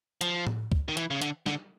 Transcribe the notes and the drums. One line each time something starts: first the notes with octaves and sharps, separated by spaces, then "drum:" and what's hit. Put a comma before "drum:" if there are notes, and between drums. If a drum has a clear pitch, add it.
F3, drum: hi-hat
drum: tom A2
drum: kick
D#3
E3, drum: hi-hat
C#3
D3, drum: hi-hat
D3, drum: snare